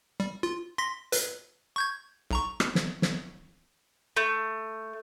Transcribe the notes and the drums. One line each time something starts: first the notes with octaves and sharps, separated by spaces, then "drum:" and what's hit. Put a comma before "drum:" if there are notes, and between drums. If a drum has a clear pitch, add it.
G3
F4
C6 A#6 B6
B4, drum: hi-hat
C#6 G6 G#6
B1 A#5 C#6
drum: rim click
drum: snare
drum: snare
A3